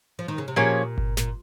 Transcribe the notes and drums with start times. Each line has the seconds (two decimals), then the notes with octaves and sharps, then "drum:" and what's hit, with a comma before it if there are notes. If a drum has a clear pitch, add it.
0.19 F3
0.28 D#3
0.38 C#3
0.48 C3
0.56 A#2 F3 A#3 C#4 G#4 C#5
0.98 drum: kick G1
1.17 A#2, drum: snare